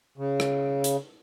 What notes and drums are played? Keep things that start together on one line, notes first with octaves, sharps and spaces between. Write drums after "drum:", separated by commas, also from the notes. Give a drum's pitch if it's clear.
C#3
drum: rim click
drum: hi-hat